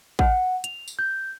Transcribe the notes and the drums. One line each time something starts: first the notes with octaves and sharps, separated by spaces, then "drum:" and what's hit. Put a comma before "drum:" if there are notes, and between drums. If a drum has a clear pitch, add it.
F#5, drum: kick A1
F7, drum: hi-hat
drum: tambourine
G6